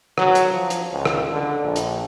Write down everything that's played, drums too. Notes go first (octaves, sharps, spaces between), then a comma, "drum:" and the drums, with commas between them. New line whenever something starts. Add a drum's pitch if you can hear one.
F#3, drum: rim click
drum: hi-hat
F3
drum: hi-hat
C#2
drum: rim click
D3
A#1
drum: hi-hat